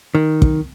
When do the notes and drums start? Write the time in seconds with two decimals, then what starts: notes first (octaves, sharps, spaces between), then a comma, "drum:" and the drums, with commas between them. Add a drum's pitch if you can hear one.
0.15 D#3
0.42 drum: kick